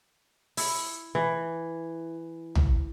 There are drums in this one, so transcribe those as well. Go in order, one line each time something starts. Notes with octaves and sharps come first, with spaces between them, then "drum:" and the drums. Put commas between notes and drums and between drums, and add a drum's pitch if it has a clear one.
E4, drum: open hi-hat
E3
drum: tom B1